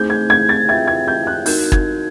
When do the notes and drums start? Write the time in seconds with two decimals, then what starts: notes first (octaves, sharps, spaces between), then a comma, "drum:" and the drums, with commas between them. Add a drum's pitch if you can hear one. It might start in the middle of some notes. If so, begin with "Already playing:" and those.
Already playing: A3 C4 D#4 G#4 C5 G6
0.10 G#6
0.30 G#6
0.49 A6
0.69 F4 G#4 B4 E5 G5 G#6
0.87 G#6
1.08 G6
1.27 F#6
1.46 D#4 F#4 A#4 G6, drum: open hi-hat
1.72 G#6, drum: kick